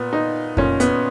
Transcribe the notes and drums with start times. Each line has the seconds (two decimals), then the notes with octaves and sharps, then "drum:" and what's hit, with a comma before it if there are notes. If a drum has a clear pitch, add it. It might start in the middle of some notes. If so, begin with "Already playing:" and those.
Already playing: A#2 B3
0.13 D#4
0.57 A#2 C#4, drum: kick F2
0.80 B3, drum: hi-hat